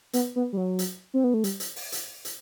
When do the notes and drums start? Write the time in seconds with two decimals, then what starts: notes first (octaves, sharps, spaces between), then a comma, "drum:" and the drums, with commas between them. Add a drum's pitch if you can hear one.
0.13 B3, drum: hi-hat
0.36 B3
0.53 G3
0.57 F#3
0.79 drum: hi-hat
1.14 C4
1.24 B3
1.34 A3
1.44 G3, drum: hi-hat
1.60 drum: hi-hat
1.76 drum: open hi-hat
1.92 drum: hi-hat
2.25 drum: hi-hat